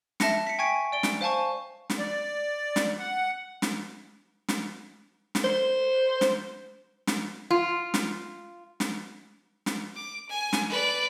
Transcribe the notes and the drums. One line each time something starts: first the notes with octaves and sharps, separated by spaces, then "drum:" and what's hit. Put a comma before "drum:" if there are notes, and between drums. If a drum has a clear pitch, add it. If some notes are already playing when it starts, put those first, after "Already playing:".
E5 A5 A#6 C#7, drum: snare
B6 C#7
G5 G#5 C#6 G#6 B6 D7
D5 D7 G7
drum: snare
C5 F5 G#5 A5 C#6
drum: snare
D5
drum: snare
F#5
drum: snare
drum: snare
drum: snare
C5
drum: snare
drum: snare
F4
drum: snare
drum: snare
drum: snare
D6
G#5
drum: snare
B4 D5